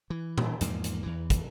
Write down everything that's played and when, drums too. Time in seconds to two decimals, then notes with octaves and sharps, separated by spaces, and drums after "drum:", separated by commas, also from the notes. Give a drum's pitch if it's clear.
0.10 E3
0.38 drum: tom A#2
0.61 E2 G#2 F3 A#3, drum: hi-hat
0.84 drum: hi-hat
1.03 E2 E3
1.30 drum: kick, hi-hat